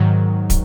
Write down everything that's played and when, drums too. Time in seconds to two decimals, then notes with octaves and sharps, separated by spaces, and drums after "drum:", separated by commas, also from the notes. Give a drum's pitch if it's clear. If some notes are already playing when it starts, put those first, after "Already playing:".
Already playing: G#2 D#3 F#3
0.50 drum: kick, hi-hat